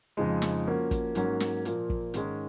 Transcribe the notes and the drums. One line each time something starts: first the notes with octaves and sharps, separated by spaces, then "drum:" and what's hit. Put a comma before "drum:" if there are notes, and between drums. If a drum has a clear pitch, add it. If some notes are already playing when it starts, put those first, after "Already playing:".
F2 C#3 F3 G#3 D#4
drum: snare
F3 A#3 C#4 F#4
drum: kick, hi-hat
G#2 F#3 A#3 C#4, drum: hi-hat
drum: snare
A#2 F3 A#3, drum: hi-hat
drum: kick
G#2 D#3 G#3 C#4, drum: hi-hat